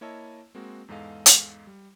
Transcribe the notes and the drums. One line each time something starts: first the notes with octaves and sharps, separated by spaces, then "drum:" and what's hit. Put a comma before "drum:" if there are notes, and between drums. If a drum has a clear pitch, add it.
A#3 E4 C#5 D#5 A5 E6
G#3 A#3 C4 F#4
E2 G#2 G#3 A4 D#5 F5
drum: hi-hat
G3